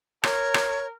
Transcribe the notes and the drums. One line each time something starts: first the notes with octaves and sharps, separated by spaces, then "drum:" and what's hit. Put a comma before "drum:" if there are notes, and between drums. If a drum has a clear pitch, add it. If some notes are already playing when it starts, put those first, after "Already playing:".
A#4 C#5, drum: rim click
drum: rim click